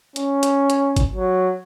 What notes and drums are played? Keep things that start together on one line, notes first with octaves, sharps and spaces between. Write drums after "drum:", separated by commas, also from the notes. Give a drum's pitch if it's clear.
C#4, drum: hi-hat
drum: hi-hat
drum: hi-hat
drum: kick G#1, hi-hat
F#3